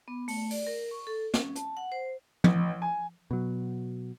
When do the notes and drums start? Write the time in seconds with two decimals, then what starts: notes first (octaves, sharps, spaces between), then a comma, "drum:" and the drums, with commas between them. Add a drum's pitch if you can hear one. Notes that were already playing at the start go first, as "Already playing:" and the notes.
0.08 B3
0.28 A3, drum: open hi-hat
0.51 D5, drum: open hi-hat
0.67 A#4
0.91 C#6
1.07 A4
1.34 C#4, drum: snare
1.56 A5, drum: hi-hat
1.77 F#5
1.92 C5
2.44 A1, drum: tom
2.82 G#5
3.31 B2 F#3